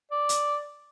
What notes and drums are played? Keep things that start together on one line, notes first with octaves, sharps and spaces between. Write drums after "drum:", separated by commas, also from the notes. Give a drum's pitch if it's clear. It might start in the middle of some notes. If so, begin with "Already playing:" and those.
D5
drum: hi-hat